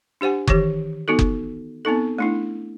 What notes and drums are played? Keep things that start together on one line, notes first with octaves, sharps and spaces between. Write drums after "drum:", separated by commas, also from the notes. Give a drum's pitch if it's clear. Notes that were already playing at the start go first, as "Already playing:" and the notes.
D4 G4 C5 F#5 G#5
D#3 E3 G4, drum: kick F#1
B3 D#4 F#4 A4
drum: kick F#1
B3 C4 D#4 A4
A3 D4 E4